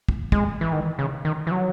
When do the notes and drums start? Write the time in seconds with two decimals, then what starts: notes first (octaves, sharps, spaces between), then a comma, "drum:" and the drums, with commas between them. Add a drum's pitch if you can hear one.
0.09 drum: kick
0.32 G#3, drum: kick
0.61 E3
0.72 D#3
0.99 C#3
1.25 D#3
1.47 E3
1.51 F#3